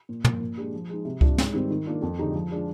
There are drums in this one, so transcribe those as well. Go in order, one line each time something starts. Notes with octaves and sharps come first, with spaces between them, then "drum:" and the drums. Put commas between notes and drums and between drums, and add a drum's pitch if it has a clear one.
A#2
F3 A#3, drum: tom
A#2
G#3 D4 G4
F3
G#3 D#4
C3
G3 D4 F4, drum: kick C#2
G#2, drum: snare
D#3 G3 C4
D#3
A#3 D4 F4
F2
D3 G#3 D#4 G4
F3
G#3 D4 F4